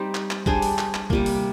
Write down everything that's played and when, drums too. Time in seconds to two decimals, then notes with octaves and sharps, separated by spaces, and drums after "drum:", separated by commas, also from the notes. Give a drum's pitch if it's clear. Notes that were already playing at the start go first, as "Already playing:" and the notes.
Already playing: G3 C4 D#4 G4
0.15 drum: clap
0.31 drum: clap
0.46 G3 D4 G#4 C5, drum: kick
0.62 drum: open hi-hat
0.78 drum: clap
0.94 drum: clap
1.10 C3 G3 A#3, drum: kick
1.26 drum: open hi-hat